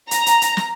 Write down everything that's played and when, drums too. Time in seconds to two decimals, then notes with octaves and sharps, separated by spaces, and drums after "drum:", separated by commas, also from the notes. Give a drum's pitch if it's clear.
0.11 A#5, drum: hi-hat
0.26 drum: hi-hat
0.42 drum: hi-hat
0.57 drum: snare